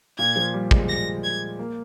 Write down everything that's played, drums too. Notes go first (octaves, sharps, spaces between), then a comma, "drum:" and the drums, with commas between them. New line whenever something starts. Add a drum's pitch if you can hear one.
A#2 G#6
F3
G3
G#3, drum: kick
A#6
G#6
A#3